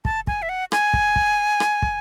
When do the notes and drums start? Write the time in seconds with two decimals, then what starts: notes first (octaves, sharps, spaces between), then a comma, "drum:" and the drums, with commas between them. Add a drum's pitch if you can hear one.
0.05 A5, drum: kick
0.27 G#5, drum: kick
0.42 E5
0.49 F#5
0.72 G#5, drum: rim click
0.94 drum: kick
1.16 drum: kick
1.60 drum: rim click
1.82 drum: kick